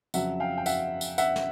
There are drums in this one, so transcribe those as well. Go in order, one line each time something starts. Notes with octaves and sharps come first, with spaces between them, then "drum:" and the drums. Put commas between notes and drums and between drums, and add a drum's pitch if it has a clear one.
F2 C#3 F#3 E5 F#5, drum: tambourine
F5 G5
G5
E5 F#5, drum: tambourine
drum: tambourine
E5 F#5, drum: tambourine
drum: snare